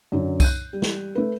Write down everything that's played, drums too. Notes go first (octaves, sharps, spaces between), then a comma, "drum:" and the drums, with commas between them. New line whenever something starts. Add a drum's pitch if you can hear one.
F#2 D3 F#3
F#6 G6 D#7, drum: kick C2, tambourine
G3
drum: snare
A3 B4